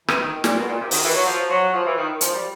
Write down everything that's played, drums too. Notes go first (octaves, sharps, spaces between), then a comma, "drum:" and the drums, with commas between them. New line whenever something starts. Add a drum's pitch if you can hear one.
E3, drum: rim click
D#3
A#2, drum: snare
B2
A#2
C3
D#3, drum: open hi-hat
E3
F#3
F3
F#3
F3
E3
D#3
F3, drum: hi-hat
G3